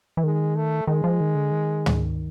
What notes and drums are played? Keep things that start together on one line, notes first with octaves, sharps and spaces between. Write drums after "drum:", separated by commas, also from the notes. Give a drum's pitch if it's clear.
E3
D#3 G#3
A3
D#3 G#3
F3
D#3
D3
D#3
drum: tom